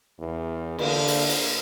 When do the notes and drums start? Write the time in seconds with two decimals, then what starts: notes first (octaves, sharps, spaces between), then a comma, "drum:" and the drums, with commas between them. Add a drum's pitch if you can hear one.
0.19 E2
0.79 D3 A#3, drum: cymbal
1.08 drum: open hi-hat
1.29 drum: open hi-hat